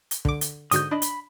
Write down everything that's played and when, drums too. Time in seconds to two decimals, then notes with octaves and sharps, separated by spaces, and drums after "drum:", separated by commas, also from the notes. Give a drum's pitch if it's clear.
0.11 drum: hi-hat
0.25 D3 D6, drum: kick
0.41 drum: hi-hat
0.71 G#2 D3 F#4 D#6 G6, drum: hi-hat
0.91 D4 D#5 B5
1.02 drum: hi-hat